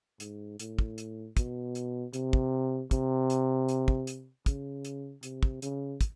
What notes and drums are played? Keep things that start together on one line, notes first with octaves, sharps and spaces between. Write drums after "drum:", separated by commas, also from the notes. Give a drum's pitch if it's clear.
G#2, drum: hi-hat
A2, drum: hi-hat
drum: kick
drum: hi-hat
B2, drum: kick, hi-hat
drum: hi-hat
C3, drum: hi-hat
drum: kick
C3, drum: kick, hi-hat
drum: hi-hat
drum: hi-hat
drum: kick
drum: hi-hat
C#3, drum: kick, hi-hat
drum: hi-hat
C3, drum: hi-hat
drum: kick
C#3, drum: hi-hat
drum: kick, hi-hat